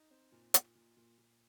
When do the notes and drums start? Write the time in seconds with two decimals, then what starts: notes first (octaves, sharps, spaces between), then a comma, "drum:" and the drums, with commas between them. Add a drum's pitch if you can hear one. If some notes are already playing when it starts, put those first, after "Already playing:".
Already playing: D#4
0.11 C4
0.32 A#2
0.54 A#2, drum: hi-hat
0.75 A#2
0.97 A#2
1.18 A#2